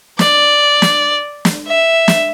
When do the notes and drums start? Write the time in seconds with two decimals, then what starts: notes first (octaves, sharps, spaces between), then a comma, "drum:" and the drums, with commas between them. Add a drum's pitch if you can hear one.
0.19 D5, drum: snare
0.82 drum: snare
1.45 drum: snare
1.67 E5
2.08 drum: snare